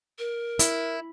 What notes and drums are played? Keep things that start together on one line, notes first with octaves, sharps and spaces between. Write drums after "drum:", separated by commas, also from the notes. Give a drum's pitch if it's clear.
A#4
E4, drum: hi-hat